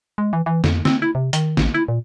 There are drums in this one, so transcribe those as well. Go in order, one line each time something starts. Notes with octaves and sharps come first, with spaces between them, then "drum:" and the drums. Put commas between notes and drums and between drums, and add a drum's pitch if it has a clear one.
G#3
E3
E3
F2, drum: snare
C4, drum: snare
E4
C3
D#3, drum: hi-hat
A1, drum: snare
E4
A#2